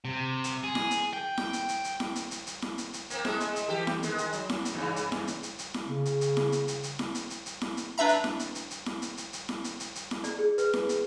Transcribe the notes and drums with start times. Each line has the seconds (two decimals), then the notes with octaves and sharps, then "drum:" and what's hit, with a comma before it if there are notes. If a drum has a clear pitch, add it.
0.05 C3
0.44 drum: hi-hat
0.64 G#4
0.75 drum: snare E4
0.91 drum: hi-hat
1.13 G5
1.38 drum: snare E4
1.53 drum: hi-hat
1.69 drum: hi-hat
1.84 drum: hi-hat
2.00 drum: snare E4
2.16 drum: hi-hat
2.31 drum: hi-hat
2.47 drum: hi-hat
2.62 drum: snare E4
2.78 drum: hi-hat
2.94 drum: hi-hat
3.10 A#3 C4, drum: hi-hat
3.25 G#3 A3 A4, drum: snare E4
3.40 drum: hi-hat
3.56 drum: hi-hat
3.68 E3 G4 A4
3.87 drum: snare E4
4.03 D#3 G#3, drum: hi-hat
4.18 drum: hi-hat
4.33 F#3, drum: hi-hat
4.49 drum: snare E4
4.65 drum: hi-hat
4.74 G2 C#3 E3
4.96 drum: hi-hat
5.12 drum: snare E4
5.27 drum: hi-hat
5.43 drum: hi-hat
5.59 drum: hi-hat
5.74 drum: snare E4
5.86 C#3
6.05 drum: hi-hat
6.21 drum: hi-hat
6.37 drum: snare E4
6.52 drum: hi-hat
6.68 drum: hi-hat
6.83 drum: hi-hat
6.99 drum: snare E4
7.15 drum: hi-hat
7.30 drum: hi-hat
7.46 drum: hi-hat
7.61 drum: snare E4
7.77 drum: hi-hat
7.98 D4 B4 E5 A#5
8.08 drum: hi-hat
8.24 drum: snare E4
8.39 drum: hi-hat
8.55 drum: hi-hat
8.71 drum: hi-hat
8.86 drum: snare E4
9.02 drum: hi-hat
9.17 drum: hi-hat
9.33 drum: hi-hat
9.49 drum: snare E4
9.64 drum: hi-hat
9.80 drum: hi-hat
9.95 drum: hi-hat
10.11 drum: snare E4
10.24 D5, drum: hi-hat
10.38 G#4
10.58 B4, drum: hi-hat
10.73 drum: snare E4
10.89 drum: hi-hat